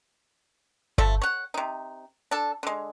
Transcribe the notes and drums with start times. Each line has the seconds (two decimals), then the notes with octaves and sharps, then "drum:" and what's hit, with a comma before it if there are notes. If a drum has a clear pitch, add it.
0.98 F3 A3 A4 E5, drum: kick G1
1.22 C#5 F#5
1.54 C3 D#4
2.31 D4 A4
2.63 D3 G#3